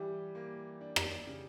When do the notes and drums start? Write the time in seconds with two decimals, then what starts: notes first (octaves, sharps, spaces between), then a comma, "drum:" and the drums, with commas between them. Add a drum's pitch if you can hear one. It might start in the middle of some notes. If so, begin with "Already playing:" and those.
Already playing: E3 G3 G4
0.35 A#3
0.81 D4
0.96 drum: rim click
1.27 C#3